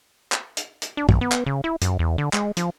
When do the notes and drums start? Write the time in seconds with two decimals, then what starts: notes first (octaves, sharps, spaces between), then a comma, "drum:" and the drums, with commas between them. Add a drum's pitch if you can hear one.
0.32 drum: clap
0.57 drum: hi-hat
0.82 drum: hi-hat
0.97 D4
1.09 B1, drum: tom
1.21 B3
1.32 drum: clap
1.46 C#3
1.64 E4
1.82 F#2, drum: hi-hat
1.99 E2
2.18 D3
2.33 G#3, drum: clap
2.57 F3, drum: hi-hat